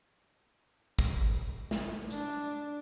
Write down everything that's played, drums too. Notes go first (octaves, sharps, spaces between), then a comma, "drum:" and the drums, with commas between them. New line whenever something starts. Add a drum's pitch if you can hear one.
drum: kick
drum: snare
D4, drum: tambourine